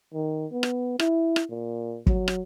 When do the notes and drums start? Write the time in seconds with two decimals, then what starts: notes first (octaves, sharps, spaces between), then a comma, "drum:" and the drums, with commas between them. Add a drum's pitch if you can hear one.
0.14 D#3
0.52 B3
0.63 drum: rim click
0.99 E4, drum: rim click
1.36 drum: rim click
1.50 A#2
2.06 F#3, drum: kick
2.28 drum: rim click